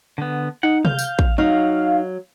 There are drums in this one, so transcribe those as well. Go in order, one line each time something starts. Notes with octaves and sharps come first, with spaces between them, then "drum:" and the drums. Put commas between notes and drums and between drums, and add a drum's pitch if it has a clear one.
D3 B3
D#4 F#5
F5 G6, drum: tom C3
drum: tambourine
drum: kick
F#3 D#4 F5